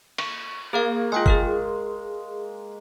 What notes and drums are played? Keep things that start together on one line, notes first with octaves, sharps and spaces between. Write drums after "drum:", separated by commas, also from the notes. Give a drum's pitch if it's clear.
C#6, drum: cymbal
A#3 G#4 A#4 F5
G#3 F4 G5 G#5
G#4 A#4 F6, drum: kick